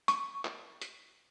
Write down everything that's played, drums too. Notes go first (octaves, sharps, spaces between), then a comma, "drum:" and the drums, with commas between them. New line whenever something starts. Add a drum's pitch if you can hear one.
C#6, drum: hi-hat
drum: clap
drum: hi-hat